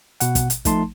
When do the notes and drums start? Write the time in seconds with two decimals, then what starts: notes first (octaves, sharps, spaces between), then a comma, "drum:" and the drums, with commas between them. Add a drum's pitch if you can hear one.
0.20 B2 F#5, drum: hi-hat
0.35 drum: kick, hi-hat
0.50 drum: hi-hat
0.65 F3 A3 D#4 A5 C6, drum: kick, hi-hat